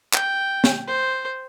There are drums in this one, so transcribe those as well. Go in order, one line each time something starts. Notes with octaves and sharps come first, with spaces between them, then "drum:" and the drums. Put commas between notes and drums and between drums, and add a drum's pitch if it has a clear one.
G5, drum: clap
drum: snare
C5